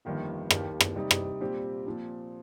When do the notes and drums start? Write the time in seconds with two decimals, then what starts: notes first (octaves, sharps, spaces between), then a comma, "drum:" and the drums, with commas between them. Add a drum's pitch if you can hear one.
0.05 G1 F2 D#3 A#3 G4
0.50 D#2 D#3 A#3 G4 A#4, drum: rim click
0.80 drum: rim click
0.96 C3 G3 D#4
1.11 drum: rim click
1.41 A#2 G3 C4 G4
1.86 A#2 F3 C4